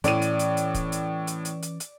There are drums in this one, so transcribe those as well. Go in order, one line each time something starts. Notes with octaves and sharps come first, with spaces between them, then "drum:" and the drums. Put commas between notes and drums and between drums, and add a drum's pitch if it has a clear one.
A2 E3 C#4 D5 D#7, drum: hi-hat
drum: hi-hat
drum: hi-hat
drum: hi-hat
drum: kick, hi-hat
drum: hi-hat
drum: hi-hat
drum: hi-hat
drum: hi-hat
drum: hi-hat